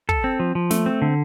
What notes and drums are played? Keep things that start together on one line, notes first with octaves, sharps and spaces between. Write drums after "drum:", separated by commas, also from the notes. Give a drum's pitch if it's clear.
A4, drum: kick
C4
F3
F3
A3, drum: snare
C4
D3